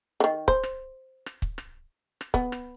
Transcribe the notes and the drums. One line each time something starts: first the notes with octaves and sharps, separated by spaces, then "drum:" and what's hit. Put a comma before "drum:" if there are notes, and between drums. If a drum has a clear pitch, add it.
D3 D#3
C5, drum: kick
drum: rim click
drum: rim click
drum: kick
drum: rim click
drum: rim click
B3, drum: kick
drum: rim click